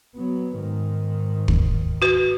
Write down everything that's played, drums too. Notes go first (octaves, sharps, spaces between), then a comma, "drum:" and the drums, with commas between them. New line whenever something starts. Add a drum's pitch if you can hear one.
F#3 B3
G#2 D#3
drum: kick
F#4 B4